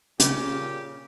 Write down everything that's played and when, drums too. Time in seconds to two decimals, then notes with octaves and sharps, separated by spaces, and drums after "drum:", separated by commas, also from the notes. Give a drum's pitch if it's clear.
0.20 A#2 C#3 G4, drum: hi-hat